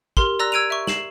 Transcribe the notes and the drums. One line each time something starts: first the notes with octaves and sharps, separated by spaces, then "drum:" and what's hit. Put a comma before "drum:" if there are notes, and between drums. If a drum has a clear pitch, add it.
G4 A#4 C6, drum: kick
D5 A#5 E6 F#6 A#6
E6 G#6 D7 D#7 F7
E5 C#6
C7 E7 F#7, drum: snare